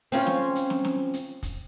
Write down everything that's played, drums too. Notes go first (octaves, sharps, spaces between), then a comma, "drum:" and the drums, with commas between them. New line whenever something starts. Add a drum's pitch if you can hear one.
C4 C#4 F4
drum: snare
drum: hi-hat
drum: snare
drum: snare
drum: hi-hat
drum: kick, hi-hat